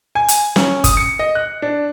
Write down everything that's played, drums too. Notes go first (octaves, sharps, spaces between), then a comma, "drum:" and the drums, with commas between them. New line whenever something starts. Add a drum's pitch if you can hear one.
G#5
drum: hi-hat
C#4, drum: snare
D#6, drum: kick G1, hi-hat
C#7
D#5
F#6
D4